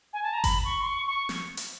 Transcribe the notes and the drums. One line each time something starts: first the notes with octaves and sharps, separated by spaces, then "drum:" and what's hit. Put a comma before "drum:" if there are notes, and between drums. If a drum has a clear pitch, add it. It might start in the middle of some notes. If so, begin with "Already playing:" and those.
G#5
A5
A#5
B5, drum: kick G1, hi-hat
C#6
C6
C#6
C#6
drum: snare
drum: hi-hat